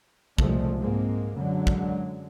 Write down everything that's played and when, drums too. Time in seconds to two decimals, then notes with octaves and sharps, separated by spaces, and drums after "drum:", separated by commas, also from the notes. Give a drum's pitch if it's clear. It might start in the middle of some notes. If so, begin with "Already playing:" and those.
0.38 C2 A#2 C#3 F3 G#3 A3, drum: kick
0.79 G#2 G#3 A#3 C4
1.35 F#2 D3 F#3 G#3
1.67 drum: kick